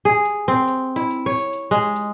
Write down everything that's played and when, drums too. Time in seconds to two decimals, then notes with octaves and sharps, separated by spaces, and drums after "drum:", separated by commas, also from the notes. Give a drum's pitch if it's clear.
0.05 G#4
0.25 drum: hi-hat
0.48 C4
0.68 drum: hi-hat
0.96 E4, drum: hi-hat
1.10 drum: hi-hat
1.26 C#5
1.39 drum: hi-hat
1.53 drum: hi-hat
1.71 G#3
1.96 drum: hi-hat